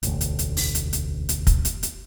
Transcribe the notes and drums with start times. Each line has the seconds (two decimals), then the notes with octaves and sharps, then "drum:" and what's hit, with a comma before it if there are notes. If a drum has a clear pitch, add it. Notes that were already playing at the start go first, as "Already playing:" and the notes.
0.03 E1 A1 D2, drum: hi-hat
0.21 drum: hi-hat
0.39 drum: hi-hat
0.57 drum: open hi-hat
0.75 drum: hi-hat
0.93 drum: hi-hat
1.29 drum: hi-hat
1.47 drum: kick, hi-hat
1.65 drum: hi-hat
1.83 drum: hi-hat